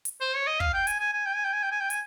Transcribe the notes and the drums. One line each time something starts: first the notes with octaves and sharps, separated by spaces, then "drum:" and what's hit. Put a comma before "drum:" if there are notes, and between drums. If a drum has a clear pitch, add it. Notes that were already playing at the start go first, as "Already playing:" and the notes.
drum: hi-hat
C5
C#5
D#5
F5, drum: kick
G5
G#5, drum: hi-hat
G#5
G#5
G5
G#5
G5
G#5
G5
G#5
G5
G#5, drum: hi-hat